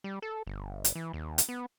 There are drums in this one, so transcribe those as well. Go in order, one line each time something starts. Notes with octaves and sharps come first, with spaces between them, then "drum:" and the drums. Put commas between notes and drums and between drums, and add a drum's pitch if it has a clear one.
G3
A4
G1
drum: hi-hat
E3
D#2
drum: hi-hat
B3